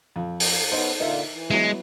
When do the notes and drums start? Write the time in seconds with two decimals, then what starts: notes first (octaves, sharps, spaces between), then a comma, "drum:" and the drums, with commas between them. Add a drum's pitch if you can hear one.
0.16 F2
0.40 drum: open hi-hat
0.72 B3 C#4 D#4 C5
1.00 D3 A#3 D#4 F4 A#4 E5
1.30 E3
1.50 F#3 G#3 B3 E4